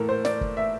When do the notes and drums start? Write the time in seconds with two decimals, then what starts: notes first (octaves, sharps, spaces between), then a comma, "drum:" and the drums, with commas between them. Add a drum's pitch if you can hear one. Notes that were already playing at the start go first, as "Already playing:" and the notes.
Already playing: A2 E3 A#3 A4 A#4
0.09 C5
0.25 D5, drum: snare
0.41 drum: kick
0.57 E5